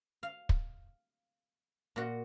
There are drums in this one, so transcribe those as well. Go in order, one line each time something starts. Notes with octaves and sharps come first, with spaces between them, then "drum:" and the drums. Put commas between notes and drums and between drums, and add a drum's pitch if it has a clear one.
F5
drum: kick
A#2 F#4